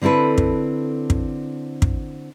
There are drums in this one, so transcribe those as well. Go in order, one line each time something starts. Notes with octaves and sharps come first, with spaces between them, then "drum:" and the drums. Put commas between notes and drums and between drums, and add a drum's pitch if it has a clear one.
D3 C4 E4 A4 B4
drum: kick
drum: kick
drum: kick